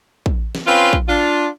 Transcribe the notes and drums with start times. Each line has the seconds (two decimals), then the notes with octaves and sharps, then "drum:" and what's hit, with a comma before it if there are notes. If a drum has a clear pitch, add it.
0.26 drum: kick
0.55 drum: snare
0.67 C4 C#4 F4 B4 F5
0.93 drum: kick
1.09 D4 F4